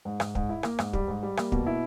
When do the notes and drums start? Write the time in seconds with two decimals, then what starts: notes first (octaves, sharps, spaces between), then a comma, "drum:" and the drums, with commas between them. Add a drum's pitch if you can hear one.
0.05 G#2
0.20 G#2, drum: rim click
0.35 G#2, drum: kick
0.49 E4
0.63 A#3, drum: rim click
0.79 G#2, drum: rim click
0.93 G3, drum: kick
1.08 G#2
1.23 G3
1.37 A#3, drum: rim click
1.52 B2, drum: kick
1.66 E4